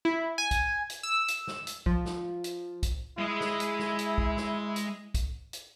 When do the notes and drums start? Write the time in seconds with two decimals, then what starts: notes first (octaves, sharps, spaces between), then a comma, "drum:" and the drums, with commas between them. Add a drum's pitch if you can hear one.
0.05 E4
0.38 G#5
0.51 drum: kick, hi-hat
0.90 drum: hi-hat
1.03 E6
1.28 drum: hi-hat
1.48 drum: snare
1.67 drum: hi-hat
1.86 F3, drum: kick
2.05 drum: snare
2.44 drum: hi-hat
2.83 drum: kick, hi-hat
3.18 G#3 E4 D#5
3.41 drum: snare
3.60 drum: hi-hat
3.79 drum: snare
3.99 drum: hi-hat
4.18 drum: kick
4.37 drum: snare
4.76 drum: hi-hat
5.14 drum: kick, hi-hat
5.53 drum: hi-hat